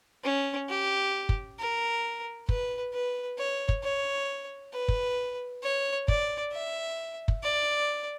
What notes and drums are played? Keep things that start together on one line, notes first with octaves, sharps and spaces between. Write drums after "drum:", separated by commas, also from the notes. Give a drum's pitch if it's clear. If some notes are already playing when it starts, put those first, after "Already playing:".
C#4
G4
drum: kick
A#4
B4, drum: kick
B4
C#5
drum: kick
C#5
B4
drum: kick
C#5
D5, drum: kick
E5
drum: kick
D5